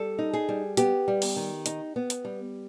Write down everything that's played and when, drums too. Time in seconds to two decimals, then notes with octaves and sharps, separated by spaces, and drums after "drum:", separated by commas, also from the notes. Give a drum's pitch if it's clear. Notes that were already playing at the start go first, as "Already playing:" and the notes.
Already playing: G3 A4
0.19 D#4
0.33 G#4
0.49 G3
0.77 B3 G4, drum: hi-hat
1.08 G3
1.22 drum: open hi-hat
1.36 D#3
1.66 D#4, drum: hi-hat
1.96 B3
2.10 drum: hi-hat
2.25 G3